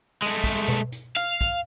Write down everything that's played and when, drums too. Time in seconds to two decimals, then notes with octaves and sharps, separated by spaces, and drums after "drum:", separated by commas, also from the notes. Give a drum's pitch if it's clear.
0.22 G#3 A3, drum: hi-hat
0.44 drum: kick, hi-hat
0.68 drum: tom B2
0.92 drum: hi-hat
1.17 F5, drum: hi-hat
1.41 drum: kick, hi-hat